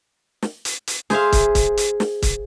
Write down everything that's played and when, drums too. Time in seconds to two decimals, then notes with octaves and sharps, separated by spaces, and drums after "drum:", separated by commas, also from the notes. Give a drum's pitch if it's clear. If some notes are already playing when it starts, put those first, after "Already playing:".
0.42 drum: snare
0.65 drum: hi-hat
0.87 drum: hi-hat
1.10 G#4 C5 E5 F5, drum: snare
1.32 drum: kick, hi-hat
1.55 drum: kick, hi-hat
1.77 drum: hi-hat
2.00 drum: snare
2.22 drum: kick, hi-hat